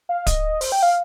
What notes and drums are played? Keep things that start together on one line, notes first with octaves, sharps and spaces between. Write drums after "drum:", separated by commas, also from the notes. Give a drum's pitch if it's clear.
F5
D#5, drum: kick D1, hi-hat
C5, drum: open hi-hat
G5
F5